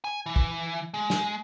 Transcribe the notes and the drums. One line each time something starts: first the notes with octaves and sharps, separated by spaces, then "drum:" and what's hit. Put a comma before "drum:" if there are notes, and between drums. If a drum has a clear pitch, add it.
G#5
E3
drum: kick
G#3
drum: snare